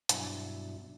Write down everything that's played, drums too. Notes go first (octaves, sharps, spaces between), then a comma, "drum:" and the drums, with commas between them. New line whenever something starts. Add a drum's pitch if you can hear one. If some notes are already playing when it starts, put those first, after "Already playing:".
G2 B2 F#3 D4 E4, drum: hi-hat